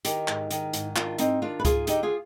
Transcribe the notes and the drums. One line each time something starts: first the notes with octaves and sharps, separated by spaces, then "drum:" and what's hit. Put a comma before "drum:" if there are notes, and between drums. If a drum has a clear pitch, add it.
D#3 D#4 G4, drum: hi-hat
G#2, drum: clap
D#3, drum: hi-hat
G#2, drum: hi-hat
D#3 D4 F4, drum: clap
G#2 C4 D#4, drum: hi-hat
D#3 D4 F4
B4
G#2 F4 G#4, drum: kick C#2, hi-hat
D3 D#4 G4, drum: hi-hat
F4 G#4